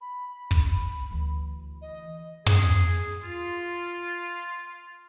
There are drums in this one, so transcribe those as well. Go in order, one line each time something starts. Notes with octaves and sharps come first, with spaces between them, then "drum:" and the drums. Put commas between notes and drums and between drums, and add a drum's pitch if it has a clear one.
B5
drum: kick
D2 E3
D#5
G#4, drum: tom
F4